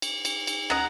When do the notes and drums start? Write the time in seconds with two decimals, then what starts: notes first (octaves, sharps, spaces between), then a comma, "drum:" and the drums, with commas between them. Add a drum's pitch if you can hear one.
0.02 drum: cymbal
0.25 drum: cymbal
0.47 drum: cymbal
0.70 C#4 D#5 F#5 A#5, drum: rim click